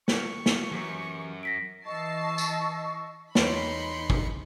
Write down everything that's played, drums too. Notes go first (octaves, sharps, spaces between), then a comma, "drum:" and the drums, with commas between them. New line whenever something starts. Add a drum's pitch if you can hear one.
C#6, drum: snare
drum: snare
F#2 E3 G4 C#5
A#6 B6 D7
E3 D#5 A5 C#6 E6 C7
drum: tambourine
E2 D#4 C#5 B5 C6 C#7 D7, drum: snare
drum: kick